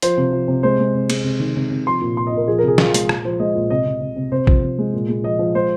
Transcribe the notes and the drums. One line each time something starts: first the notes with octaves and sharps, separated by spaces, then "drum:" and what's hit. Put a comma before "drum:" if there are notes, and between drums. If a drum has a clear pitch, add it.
F3 C5, drum: hi-hat
C3
F3
C3
G#3 C5
G#3
C3
G#3, drum: cymbal
C3
D#3
C3
C3
F3 C6
A#2
A#2 C6
D#5
A#2 A#4
F3 G#4
A#4
C3 G#4
C3 F4, drum: snare
G#3, drum: hi-hat
A#2, drum: rim click
F3 C5
G#3 D#5
A#2
C3 D#5
C3
C3
C3
C3 C5
F3, drum: kick
C3
G#3
A#2
G#3
F3 D#5
F3
G#3 C5